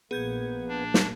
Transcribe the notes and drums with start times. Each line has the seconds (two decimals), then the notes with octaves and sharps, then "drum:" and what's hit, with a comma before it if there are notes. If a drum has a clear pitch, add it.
0.11 A#1 A#3 B3 G#4 G6 G#6
0.69 D4
0.94 drum: snare